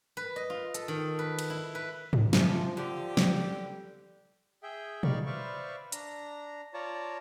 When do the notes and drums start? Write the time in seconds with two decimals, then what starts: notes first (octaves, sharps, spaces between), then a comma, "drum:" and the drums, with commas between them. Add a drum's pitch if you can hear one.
0.17 B4
0.36 D#5
0.50 F4
0.74 A4, drum: hi-hat
0.88 D#3
1.19 B4
1.39 drum: cymbal
1.50 E4
1.75 B4
2.13 drum: tom
2.33 C3 F3 F4 G4 G#5 A5, drum: snare
2.77 D3 G4
3.17 G3, drum: snare
4.63 G#4 E5 G5
5.03 D#4 D5 F5 B5 C#6, drum: tom A#2
5.26 B4 C5 D5 E5 F5 C#6
5.92 D4 A#5, drum: hi-hat
6.74 F4 C#5 D5 A5 A#5